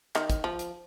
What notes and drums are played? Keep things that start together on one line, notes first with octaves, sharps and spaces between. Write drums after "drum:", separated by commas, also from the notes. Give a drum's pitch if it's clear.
D#3, drum: clap
drum: kick, hi-hat
F3
drum: hi-hat